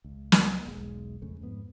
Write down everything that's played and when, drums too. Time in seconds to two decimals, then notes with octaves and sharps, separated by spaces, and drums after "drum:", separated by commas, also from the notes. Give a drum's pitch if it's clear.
0.04 C#2
0.32 drum: snare
0.66 E1 B1 G#3
1.22 F1 F2 C#3 A3
1.41 F2 G#2 B3